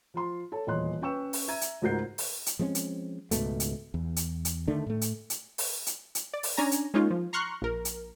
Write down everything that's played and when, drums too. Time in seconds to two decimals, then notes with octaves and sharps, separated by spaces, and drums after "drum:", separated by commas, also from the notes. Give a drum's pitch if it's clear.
0.14 F3 F4 C6
0.52 A4 C#5 A5
0.67 D#1 E2 C#5 D#5 C6 F#6
1.01 C#4 B4 G5 C#6 E6 E7
1.33 drum: open hi-hat
1.48 E5 A#5 G#6 D#7
1.61 drum: hi-hat
1.82 C#2 G#2 F#4 A#4 G6 C7
2.18 drum: open hi-hat
2.46 drum: hi-hat
2.59 F3 G#3 C4 C#4
2.75 drum: hi-hat
3.31 C#2 G#2 B2 A3, drum: hi-hat
3.60 drum: hi-hat
3.94 E2
4.16 drum: hi-hat
4.45 drum: hi-hat
4.68 D3 D#3 A3 D4
4.87 A2 A3
5.01 drum: hi-hat
5.30 drum: hi-hat
5.58 drum: open hi-hat
5.86 drum: hi-hat
6.15 drum: hi-hat
6.34 D5
6.43 drum: open hi-hat
6.57 C#4 D4 G#5 A#5
6.72 drum: hi-hat
6.94 G#3 A#3 C#4 D#4 F4
7.11 F3
7.33 A#5 C6 C#6 F6 F#6
7.62 A#1 A#4
7.85 drum: hi-hat